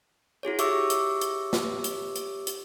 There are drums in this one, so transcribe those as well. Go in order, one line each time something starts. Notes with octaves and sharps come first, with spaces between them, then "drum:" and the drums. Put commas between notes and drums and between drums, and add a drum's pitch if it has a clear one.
E4 F#4 G#4 C#5
G4 C#5 E5 C#6 D6 E6, drum: hi-hat
drum: hi-hat
drum: hi-hat
drum: snare
drum: hi-hat
drum: hi-hat
drum: hi-hat